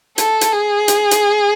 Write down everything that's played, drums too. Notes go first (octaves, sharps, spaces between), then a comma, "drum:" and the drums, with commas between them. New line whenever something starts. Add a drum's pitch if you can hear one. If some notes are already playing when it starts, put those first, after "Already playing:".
A4, drum: hi-hat
drum: hi-hat
G#4
drum: hi-hat
drum: hi-hat